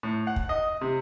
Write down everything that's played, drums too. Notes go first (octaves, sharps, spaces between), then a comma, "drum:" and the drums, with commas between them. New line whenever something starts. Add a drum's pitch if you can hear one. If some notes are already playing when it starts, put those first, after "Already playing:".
A2
F#5
drum: kick
D#5
C3